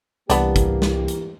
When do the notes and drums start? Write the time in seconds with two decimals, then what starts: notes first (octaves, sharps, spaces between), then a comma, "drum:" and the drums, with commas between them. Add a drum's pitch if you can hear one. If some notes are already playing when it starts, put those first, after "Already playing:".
0.30 C2 E3 A#3 B3 D4 G4, drum: hi-hat
0.56 drum: kick, hi-hat
0.82 drum: snare
1.08 drum: hi-hat